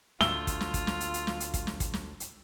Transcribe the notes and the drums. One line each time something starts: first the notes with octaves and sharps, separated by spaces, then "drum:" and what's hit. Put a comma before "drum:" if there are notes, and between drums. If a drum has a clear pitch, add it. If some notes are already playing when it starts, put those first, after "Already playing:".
D2 F4 E6 G7, drum: snare
drum: kick, hi-hat
drum: snare
drum: kick, hi-hat
drum: snare
drum: hi-hat
drum: hi-hat
drum: snare
drum: hi-hat
drum: kick, hi-hat
drum: snare
drum: kick, hi-hat
drum: snare
drum: hi-hat